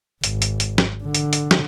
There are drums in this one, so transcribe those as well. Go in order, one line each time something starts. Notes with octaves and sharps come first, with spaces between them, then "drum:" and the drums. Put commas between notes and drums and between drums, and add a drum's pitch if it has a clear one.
G#1, drum: hi-hat
drum: hi-hat
drum: hi-hat
drum: snare
D3
drum: hi-hat
drum: hi-hat
drum: snare